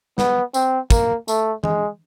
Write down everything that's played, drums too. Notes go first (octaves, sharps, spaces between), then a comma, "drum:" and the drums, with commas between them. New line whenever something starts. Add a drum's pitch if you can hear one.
B3, drum: snare
C4, drum: tambourine
A#3, drum: kick, tambourine
A3, drum: tambourine
G#3, drum: tom E3